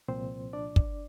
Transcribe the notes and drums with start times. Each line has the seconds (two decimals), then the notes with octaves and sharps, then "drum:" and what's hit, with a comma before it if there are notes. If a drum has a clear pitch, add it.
0.08 C2 A#2 F3 C4 C5
0.53 D4 D5
0.76 drum: kick